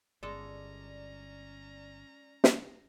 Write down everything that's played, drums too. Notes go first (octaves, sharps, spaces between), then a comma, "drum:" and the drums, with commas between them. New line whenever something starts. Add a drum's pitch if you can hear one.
G1 G#3 C#4 A4 D5 A#5
drum: snare